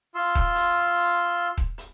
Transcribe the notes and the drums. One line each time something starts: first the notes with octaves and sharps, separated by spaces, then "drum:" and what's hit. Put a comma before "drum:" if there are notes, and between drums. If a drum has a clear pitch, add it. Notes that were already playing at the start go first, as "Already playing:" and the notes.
F4 C6 E6
drum: kick D#1
drum: hi-hat
drum: kick D#1
drum: hi-hat